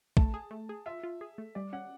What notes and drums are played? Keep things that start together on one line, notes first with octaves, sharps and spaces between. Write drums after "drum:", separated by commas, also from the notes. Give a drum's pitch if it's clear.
A3 A5, drum: kick
G#4
A3
G#4
F4 E5
F4
G#4
A3
G3 D5
C#4 F#5